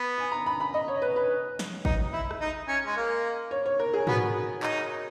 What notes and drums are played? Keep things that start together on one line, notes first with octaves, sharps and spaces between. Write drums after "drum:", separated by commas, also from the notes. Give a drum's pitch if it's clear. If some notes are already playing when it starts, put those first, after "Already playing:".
Already playing: B3
G#5
A#5
B5
B5
D#5
C#5
B4
B4
drum: snare
D#4, drum: kick G#1
E4
drum: rim click
D#4
C#4
G#3
A#3
C#5
C#5
A#4
G#4
B3 F#4, drum: tom G#2
D#4, drum: clap